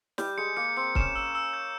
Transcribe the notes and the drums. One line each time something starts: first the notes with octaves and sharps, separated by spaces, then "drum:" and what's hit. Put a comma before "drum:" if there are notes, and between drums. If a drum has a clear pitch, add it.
G3 G4 G6, drum: snare
G#3 G#4 C#7
A#3 A#4 C#7
C4 C5 C#7
C#4 C#5 E7, drum: kick C#1
E6
E6
G6